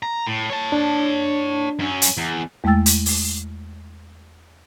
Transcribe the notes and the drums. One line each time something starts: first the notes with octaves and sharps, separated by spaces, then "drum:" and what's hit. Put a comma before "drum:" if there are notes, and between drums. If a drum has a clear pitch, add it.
A#5
A2
C#5 A5
D4
F#2 C#4
drum: hi-hat
E2
E2 G#3 A3 G5 E6 A6
drum: hi-hat
drum: open hi-hat